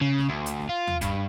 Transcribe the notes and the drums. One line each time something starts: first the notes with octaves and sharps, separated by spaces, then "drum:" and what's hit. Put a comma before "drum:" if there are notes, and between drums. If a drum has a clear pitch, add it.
C#3
drum: snare
D2
drum: hi-hat
drum: snare
F4
drum: tom D#2
G2, drum: kick F1, hi-hat